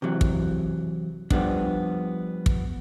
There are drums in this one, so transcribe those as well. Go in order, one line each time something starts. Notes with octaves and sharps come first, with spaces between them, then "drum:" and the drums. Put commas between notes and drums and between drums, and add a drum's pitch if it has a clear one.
C3 E3 F#3
drum: kick
F3 G3 B3 D4, drum: kick
drum: kick